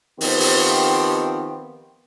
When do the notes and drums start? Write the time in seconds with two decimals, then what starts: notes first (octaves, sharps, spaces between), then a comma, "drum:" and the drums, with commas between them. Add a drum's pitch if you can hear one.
0.21 D#3 F3 B3 C4 G4, drum: open hi-hat
0.40 drum: open hi-hat